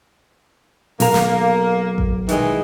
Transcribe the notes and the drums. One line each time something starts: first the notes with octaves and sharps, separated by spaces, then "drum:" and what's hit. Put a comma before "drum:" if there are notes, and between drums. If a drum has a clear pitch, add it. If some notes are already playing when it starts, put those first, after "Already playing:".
B1 A#3 A#5, drum: open hi-hat
drum: snare
drum: kick A1
D#3 E3 G#3, drum: hi-hat